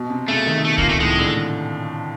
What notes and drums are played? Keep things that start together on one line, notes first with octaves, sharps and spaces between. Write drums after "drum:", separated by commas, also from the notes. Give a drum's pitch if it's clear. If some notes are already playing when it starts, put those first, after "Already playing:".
Already playing: B2
C3
C#3 A3
D#3
B2 A3
A#2 A#3, drum: kick C#2
A3
A2 G#3
D3